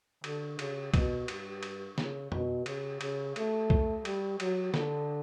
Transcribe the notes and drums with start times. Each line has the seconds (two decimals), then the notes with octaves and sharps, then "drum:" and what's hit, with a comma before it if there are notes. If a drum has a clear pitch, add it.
0.24 D3, drum: cymbal
0.59 C#3, drum: cymbal
0.94 B2, drum: kick, cymbal
1.28 G2, drum: cymbal
1.63 drum: cymbal
1.98 C#3, drum: snare
2.32 B2, drum: tom F2
2.66 C#3, drum: cymbal
3.01 C#3, drum: cymbal
3.36 A3, drum: cymbal
3.70 drum: kick
4.05 G3, drum: cymbal
4.40 F#3, drum: cymbal
4.74 D3, drum: snare